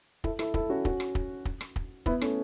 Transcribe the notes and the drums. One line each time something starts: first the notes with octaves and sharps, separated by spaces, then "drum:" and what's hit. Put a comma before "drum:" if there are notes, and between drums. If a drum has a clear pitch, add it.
E4 A4, drum: kick
E4 A4, drum: rim click
E4 A4, drum: kick
C#4 F#4
C#4 F#4, drum: kick
drum: rim click
drum: kick
drum: kick
drum: rim click
drum: kick
B3 E4, drum: kick
A3 C#4, drum: rim click